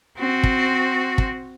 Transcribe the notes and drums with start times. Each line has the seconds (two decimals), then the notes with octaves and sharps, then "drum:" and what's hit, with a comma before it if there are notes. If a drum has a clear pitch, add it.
0.19 C4 F#4
0.43 drum: kick
1.18 drum: kick